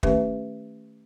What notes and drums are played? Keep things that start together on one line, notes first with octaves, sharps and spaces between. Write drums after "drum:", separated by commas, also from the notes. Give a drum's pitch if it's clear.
D#3 A3 C#4 G4 B4 E5, drum: kick